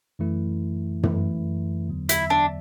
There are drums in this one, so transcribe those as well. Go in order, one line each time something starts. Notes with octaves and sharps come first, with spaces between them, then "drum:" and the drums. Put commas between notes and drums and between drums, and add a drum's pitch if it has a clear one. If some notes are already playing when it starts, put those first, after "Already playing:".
F#2 E3 A3 E4
F#2 E3 A3 E4, drum: tom
E2 D3 F#3 B3
E4, drum: hi-hat
D4